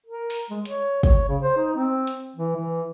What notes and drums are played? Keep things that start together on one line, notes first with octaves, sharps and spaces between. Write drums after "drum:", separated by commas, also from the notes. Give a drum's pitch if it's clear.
A#4
drum: open hi-hat
G#3
C#5, drum: hi-hat
C#5, drum: kick, hi-hat
C#3
C5
D#4
C4
drum: hi-hat
E3
E3